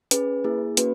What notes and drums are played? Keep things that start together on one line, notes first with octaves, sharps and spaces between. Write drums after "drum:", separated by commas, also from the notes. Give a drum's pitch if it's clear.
C#4 G#4 B4, drum: hi-hat
A#3 E4 G#4
A#3 C#4 F#4 B4, drum: hi-hat